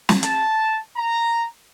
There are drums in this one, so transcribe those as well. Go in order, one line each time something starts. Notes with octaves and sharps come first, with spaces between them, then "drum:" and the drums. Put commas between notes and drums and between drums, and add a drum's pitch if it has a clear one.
drum: snare
A5, drum: hi-hat
A#5